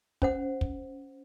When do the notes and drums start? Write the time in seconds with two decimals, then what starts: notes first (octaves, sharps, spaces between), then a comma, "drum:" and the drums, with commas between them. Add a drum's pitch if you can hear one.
0.22 C#4 C5 F#5, drum: kick
0.61 drum: kick